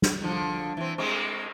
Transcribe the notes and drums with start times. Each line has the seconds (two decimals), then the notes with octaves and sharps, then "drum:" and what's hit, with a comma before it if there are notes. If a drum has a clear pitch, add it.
0.02 drum: snare
0.22 D3 F3 D4
0.77 E3 C4
0.98 G#3 C4, drum: cymbal